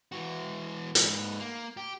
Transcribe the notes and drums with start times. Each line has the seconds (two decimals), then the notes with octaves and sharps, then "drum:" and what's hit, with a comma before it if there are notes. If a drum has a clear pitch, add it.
0.12 E3 F#4
0.95 G#2 B4, drum: hi-hat
1.39 A#3
1.77 G4